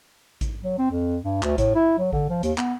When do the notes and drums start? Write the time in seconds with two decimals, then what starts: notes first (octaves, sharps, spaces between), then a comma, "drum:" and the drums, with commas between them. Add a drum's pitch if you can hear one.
0.41 drum: kick A1, hi-hat
0.64 F#3
0.78 C4
0.91 F2
1.22 G2
1.43 D2, drum: clap
1.58 A2, drum: kick A1, hi-hat
1.75 E4
1.99 F#3
2.13 D3, drum: kick A1
2.30 F3
2.43 D#2, drum: hi-hat
2.58 B3, drum: clap